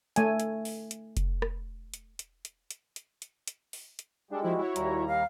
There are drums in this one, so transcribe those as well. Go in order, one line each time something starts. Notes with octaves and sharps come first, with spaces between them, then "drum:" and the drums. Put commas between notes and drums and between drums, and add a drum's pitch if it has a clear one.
A3 G#5, drum: hi-hat
drum: hi-hat
drum: open hi-hat
drum: hi-hat
drum: kick F1, hi-hat
drum: rim click
drum: hi-hat
drum: hi-hat
drum: hi-hat
drum: hi-hat
drum: hi-hat
drum: hi-hat
drum: hi-hat
drum: open hi-hat
drum: hi-hat
G3 G#3 D4 A4
F3 C4 E4 F#4
E4 C#5
D#2 G3 A#5, drum: hi-hat
F5